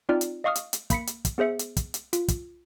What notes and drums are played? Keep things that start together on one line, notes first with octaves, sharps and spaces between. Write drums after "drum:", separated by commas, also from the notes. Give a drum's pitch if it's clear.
C4 D#4 F4 D5 G5 F6
drum: hi-hat
D#5 F5 C#6 D#6 F6
drum: hi-hat
drum: hi-hat
A#3 B5 B6 C#7, drum: kick, hi-hat
drum: hi-hat
drum: kick, hi-hat
B3 G#4 C5 E5 C#7
drum: hi-hat
drum: kick, hi-hat
drum: hi-hat
F4, drum: hi-hat
drum: kick, hi-hat